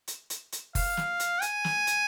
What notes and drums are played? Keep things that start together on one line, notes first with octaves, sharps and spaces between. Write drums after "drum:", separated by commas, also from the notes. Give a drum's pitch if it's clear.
drum: hi-hat
drum: hi-hat
drum: hi-hat
F5, drum: kick F#1, open hi-hat
drum: snare
drum: hi-hat
G#5, drum: hi-hat
drum: snare
drum: hi-hat